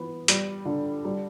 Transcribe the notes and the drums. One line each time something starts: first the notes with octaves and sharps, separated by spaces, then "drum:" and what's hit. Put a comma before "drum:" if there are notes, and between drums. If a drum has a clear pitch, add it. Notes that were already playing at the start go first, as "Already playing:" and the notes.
Already playing: E3 B3
G3, drum: hi-hat
D3
G3